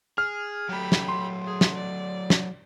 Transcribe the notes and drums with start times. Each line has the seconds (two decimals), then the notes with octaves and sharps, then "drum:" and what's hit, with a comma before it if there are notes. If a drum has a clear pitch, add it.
0.18 G#4 F6
0.69 F#3 A3 G4 B5
0.92 drum: snare
1.08 C6
1.46 G#4
1.61 drum: snare
1.75 D5
2.30 drum: snare